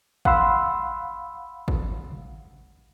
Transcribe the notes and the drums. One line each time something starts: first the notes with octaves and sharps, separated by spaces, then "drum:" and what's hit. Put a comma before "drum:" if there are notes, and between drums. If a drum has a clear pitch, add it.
F5 F#5 B5 C6 E6, drum: kick
drum: kick